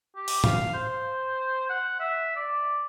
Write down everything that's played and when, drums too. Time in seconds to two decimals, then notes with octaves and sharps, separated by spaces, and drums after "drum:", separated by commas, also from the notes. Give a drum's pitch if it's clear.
0.16 G4
0.28 drum: open hi-hat
0.44 F5, drum: tom
0.74 C5
1.69 F#5
2.00 E5
2.36 D5